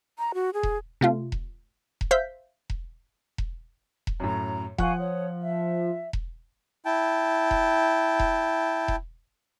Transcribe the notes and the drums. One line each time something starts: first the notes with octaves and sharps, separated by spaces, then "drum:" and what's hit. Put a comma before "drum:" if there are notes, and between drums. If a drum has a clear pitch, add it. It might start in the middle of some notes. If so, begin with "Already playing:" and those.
A#5
F#4
G#4
drum: kick E1
C3 A3 F4
drum: kick E1
drum: kick E1
C5 E5 F5 G6 B6
drum: kick E1
drum: kick E1
drum: kick E1
F#2 A2 A#5
F3 F5 F#5 G#5 C#6 F#6, drum: kick E1
C#5 D#6
E5
drum: kick E1
E4 G5 A5
drum: kick E1
drum: kick E1
drum: kick E1